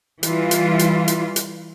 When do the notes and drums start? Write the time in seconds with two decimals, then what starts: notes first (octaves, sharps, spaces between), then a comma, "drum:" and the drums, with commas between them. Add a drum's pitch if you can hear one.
0.23 E3 G3 F4, drum: hi-hat
0.51 drum: hi-hat
0.79 drum: hi-hat
1.08 drum: hi-hat
1.36 drum: hi-hat